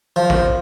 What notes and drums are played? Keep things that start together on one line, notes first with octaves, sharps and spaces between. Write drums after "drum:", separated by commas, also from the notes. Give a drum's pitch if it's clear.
F3
drum: kick